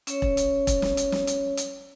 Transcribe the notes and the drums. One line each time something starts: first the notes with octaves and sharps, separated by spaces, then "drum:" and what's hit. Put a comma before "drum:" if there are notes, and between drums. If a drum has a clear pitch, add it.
C#4 C#5, drum: hi-hat
drum: kick E1
drum: hi-hat
drum: kick E1, hi-hat
drum: snare
drum: hi-hat
drum: snare
drum: hi-hat
drum: hi-hat